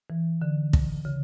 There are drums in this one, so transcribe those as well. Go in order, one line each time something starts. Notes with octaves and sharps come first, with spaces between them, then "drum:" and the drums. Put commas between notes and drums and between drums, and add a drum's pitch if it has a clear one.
E3
D3
drum: kick
C#3